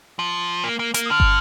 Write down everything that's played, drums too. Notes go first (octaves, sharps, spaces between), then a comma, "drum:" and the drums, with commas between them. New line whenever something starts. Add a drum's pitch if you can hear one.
F3
A#3
A#3
A#3, drum: hi-hat
D#6
D3 F6
drum: kick